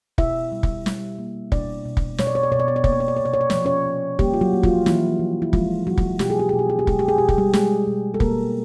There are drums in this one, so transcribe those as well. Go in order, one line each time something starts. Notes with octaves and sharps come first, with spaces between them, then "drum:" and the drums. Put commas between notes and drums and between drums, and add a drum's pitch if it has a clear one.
B2 E4 E5, drum: kick
G3
drum: kick
G3, drum: snare
A#3
B2 D4 D5, drum: kick
B2
drum: kick
B2 C#5, drum: snare
D5
C#5
D5
B2 C#5
D5
C#5
D5
A#3 C#5, drum: kick
D5
C#5
D5
C3 C#5
D5
C#5
D5
F3 C#5, drum: snare
D5
C#4 C#5
C3
G3 A#3 G4, drum: kick
F4
F#3 F#4
A#3
F3 F4, drum: kick
E3 A#3 E4, drum: snare
F3
E4
F3 G#3 F4, drum: kick
B2 F#3 F#4
drum: kick
B2 G4, drum: snare
G#4
G4
B2 G#4
G4
G#4
G4
G#3 G#4, drum: kick
G4
G#4
B2 G4
G#4, drum: kick
G3 G4
G#3 G#4, drum: snare
B2
A4
B2 A#3 A#4, drum: kick